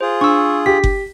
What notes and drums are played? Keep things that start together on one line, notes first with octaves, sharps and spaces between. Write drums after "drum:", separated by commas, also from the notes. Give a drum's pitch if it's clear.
F4 G#4 C5
D4 C#6 E6
G4 B6
drum: kick F#1